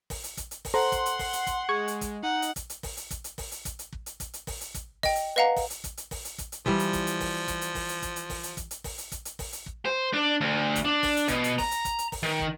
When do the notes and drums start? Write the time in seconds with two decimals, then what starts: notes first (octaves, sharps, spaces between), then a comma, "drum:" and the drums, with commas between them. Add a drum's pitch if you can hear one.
0.10 drum: kick, open hi-hat
0.24 drum: hi-hat
0.37 drum: kick, hi-hat
0.51 drum: hi-hat
0.65 drum: kick, open hi-hat
0.74 A4 C5 F#5 A#5 C6
0.92 drum: kick, hi-hat
1.06 drum: hi-hat
1.19 drum: kick, open hi-hat
1.33 drum: hi-hat
1.47 drum: kick, hi-hat
1.69 G#3 C#6 G#6 C#7
1.88 drum: hi-hat
2.01 drum: kick, hi-hat
2.23 D#4 F#5
2.42 drum: hi-hat
2.56 drum: kick, hi-hat
2.70 drum: hi-hat
2.83 drum: kick, open hi-hat
2.97 drum: hi-hat
3.11 drum: kick, hi-hat
3.24 drum: hi-hat
3.38 drum: kick, open hi-hat
3.52 drum: hi-hat
3.65 drum: kick, hi-hat
3.79 drum: hi-hat
3.93 drum: kick
4.06 drum: hi-hat
4.20 drum: kick, hi-hat
4.34 drum: hi-hat
4.47 drum: kick, open hi-hat
4.61 drum: hi-hat
4.74 drum: kick, hi-hat
5.03 D#5 G5, drum: kick, open hi-hat
5.15 drum: hi-hat
5.36 B4 D#5 F5 F#5 A#5
5.56 drum: kick, open hi-hat
5.70 drum: hi-hat
5.84 drum: kick, hi-hat
5.97 drum: hi-hat
6.11 drum: kick, open hi-hat
6.25 drum: hi-hat
6.38 drum: kick, hi-hat
6.52 drum: hi-hat
6.66 E3 F3 G3, drum: kick
6.79 drum: hi-hat
6.93 drum: kick, hi-hat
7.07 drum: hi-hat
7.20 drum: kick, open hi-hat
7.48 drum: kick, hi-hat
7.61 drum: hi-hat
7.75 drum: kick, open hi-hat
7.89 drum: hi-hat
8.02 drum: kick, hi-hat
8.16 drum: hi-hat
8.30 drum: kick, open hi-hat
8.43 drum: hi-hat
8.57 drum: kick, hi-hat
8.71 drum: hi-hat
8.84 drum: kick, open hi-hat
8.98 drum: hi-hat
9.12 drum: kick, hi-hat
9.25 drum: hi-hat
9.39 drum: kick, open hi-hat
9.53 drum: hi-hat
9.66 drum: kick
9.85 C5
10.13 D4
10.41 D2
10.76 drum: kick, hi-hat
10.85 D4
11.03 drum: kick, open hi-hat
11.17 drum: hi-hat
11.28 B2, drum: kick, hi-hat
11.44 drum: hi-hat
11.58 A#5, drum: kick, open hi-hat
11.71 drum: hi-hat
11.85 drum: kick, hi-hat
11.99 drum: hi-hat
12.12 drum: kick, open hi-hat
12.23 D#3
12.39 drum: kick